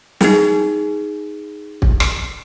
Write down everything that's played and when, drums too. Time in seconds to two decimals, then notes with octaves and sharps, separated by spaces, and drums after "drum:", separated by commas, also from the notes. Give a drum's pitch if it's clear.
0.21 D#4 G#4, drum: snare
1.82 drum: kick
2.00 drum: rim click